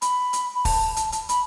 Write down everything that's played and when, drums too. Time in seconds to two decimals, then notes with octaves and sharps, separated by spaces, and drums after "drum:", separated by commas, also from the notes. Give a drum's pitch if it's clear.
0.02 B5, drum: hi-hat
0.33 drum: hi-hat
0.55 B5
0.65 A5, drum: kick, open hi-hat
0.96 drum: hi-hat
1.12 drum: hi-hat
1.29 B5, drum: hi-hat